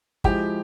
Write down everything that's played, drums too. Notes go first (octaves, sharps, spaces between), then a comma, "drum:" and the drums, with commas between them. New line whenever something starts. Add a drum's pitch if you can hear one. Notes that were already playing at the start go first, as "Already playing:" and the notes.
F3 G#3 E4 G4, drum: kick